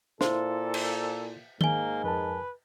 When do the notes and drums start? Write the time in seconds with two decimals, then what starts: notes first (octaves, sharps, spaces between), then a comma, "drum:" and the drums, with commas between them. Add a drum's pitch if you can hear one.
0.21 A#2 E4 A4 C5 F5 C6, drum: snare
0.74 drum: cymbal
1.61 G#2 A#3 G#5 G7, drum: tom D#3
2.04 F2 A#4 B4 A5